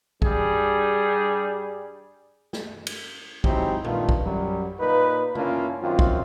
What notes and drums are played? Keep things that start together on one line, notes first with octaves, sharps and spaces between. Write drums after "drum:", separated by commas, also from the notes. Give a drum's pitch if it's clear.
G2 G3 G#4, drum: kick A#1
drum: snare
drum: cymbal
F#3 G#3 C4 D#4 E4 G4, drum: kick A#1
G2 D#3 A3 B3 F4, drum: tom A#2
drum: kick A#1
F#2 F#3 G3
A#2 A#3 D#4 B4
A#3 C#4 D4 E4 F4, drum: tom C#3
F#2 D#3 C4 F4
drum: kick A#1